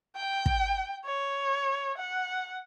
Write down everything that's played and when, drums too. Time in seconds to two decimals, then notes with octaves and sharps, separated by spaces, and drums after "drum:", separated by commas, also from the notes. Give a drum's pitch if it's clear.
0.16 G5
0.46 drum: kick
1.05 C#5
1.98 F#5